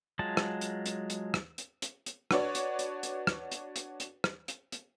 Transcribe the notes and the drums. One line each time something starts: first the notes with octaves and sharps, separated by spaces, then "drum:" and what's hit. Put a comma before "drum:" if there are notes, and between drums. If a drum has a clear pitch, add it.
F#3 G#3 F4 A5
drum: rim click
drum: hi-hat
drum: hi-hat
drum: hi-hat
drum: rim click
drum: hi-hat
drum: hi-hat
drum: hi-hat
D4 F#4 B4 C#5 D5, drum: rim click
drum: hi-hat
drum: hi-hat
drum: hi-hat
drum: rim click
drum: hi-hat
drum: hi-hat
drum: hi-hat
drum: rim click
drum: hi-hat
drum: hi-hat